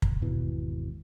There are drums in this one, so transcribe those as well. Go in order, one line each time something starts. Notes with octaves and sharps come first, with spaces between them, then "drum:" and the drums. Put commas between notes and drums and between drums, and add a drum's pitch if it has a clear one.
drum: kick
G#1 E2 B2 E3